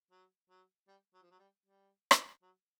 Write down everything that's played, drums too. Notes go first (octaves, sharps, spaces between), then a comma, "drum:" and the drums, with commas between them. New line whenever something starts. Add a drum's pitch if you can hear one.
F#3
F#3
G3
F#3
F3
F#3
G3
G3
drum: rim click
F#3